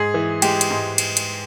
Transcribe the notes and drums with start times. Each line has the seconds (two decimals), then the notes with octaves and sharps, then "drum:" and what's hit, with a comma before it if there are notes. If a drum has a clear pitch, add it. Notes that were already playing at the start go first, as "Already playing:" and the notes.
Already playing: G#2 G#4
0.14 E3
0.42 G#3 G4, drum: cymbal
0.61 drum: cymbal
0.71 G#2
0.98 drum: cymbal
1.17 drum: cymbal